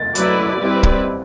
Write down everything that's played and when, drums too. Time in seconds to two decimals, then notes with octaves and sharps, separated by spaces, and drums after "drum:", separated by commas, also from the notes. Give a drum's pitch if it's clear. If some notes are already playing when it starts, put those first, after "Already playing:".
Already playing: A6
0.15 F#3 A3 E4 B4 D5, drum: hi-hat
0.60 G3 C4 E4 B4 D5
0.83 drum: kick